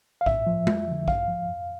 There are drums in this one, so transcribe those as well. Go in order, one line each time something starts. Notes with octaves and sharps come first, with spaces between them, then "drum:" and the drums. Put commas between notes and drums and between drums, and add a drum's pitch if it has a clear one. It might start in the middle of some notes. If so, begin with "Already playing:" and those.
F5
A2 E5, drum: kick A#1
F3
F2, drum: tom G#3
D3 F3
G2 F5, drum: kick A#1
F3
F2